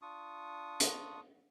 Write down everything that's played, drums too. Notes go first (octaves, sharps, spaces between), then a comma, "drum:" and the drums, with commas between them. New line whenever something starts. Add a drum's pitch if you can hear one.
D4 F4 C#6 D#6
drum: hi-hat